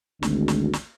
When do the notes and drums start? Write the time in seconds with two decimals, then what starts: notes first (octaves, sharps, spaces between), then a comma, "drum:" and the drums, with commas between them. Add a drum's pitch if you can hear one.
0.23 G#1 D2, drum: snare
0.48 drum: snare
0.73 drum: snare